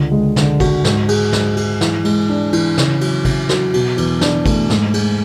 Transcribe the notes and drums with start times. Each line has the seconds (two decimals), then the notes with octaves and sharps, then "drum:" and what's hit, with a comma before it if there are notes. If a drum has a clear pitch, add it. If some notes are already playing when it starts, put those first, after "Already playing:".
Already playing: C#2 D3
0.12 G#3
0.36 D3, drum: snare
0.60 F#4, drum: kick, cymbal
0.84 G#2, drum: snare
1.08 G#4, drum: cymbal
1.32 G#2, drum: snare
1.57 G#4, drum: cymbal
1.81 E3, drum: snare
2.05 G#3, drum: cymbal
2.29 D4
2.53 E3, drum: cymbal
2.77 C#3, drum: snare
3.01 F#3, drum: cymbal
3.25 C#3, drum: kick, cymbal
3.49 F#3, drum: snare
3.74 B2, drum: cymbal
3.97 E2, drum: cymbal
4.21 D4, drum: snare
4.46 A3, drum: kick, cymbal
4.70 G#2, drum: snare
4.94 G#3, drum: cymbal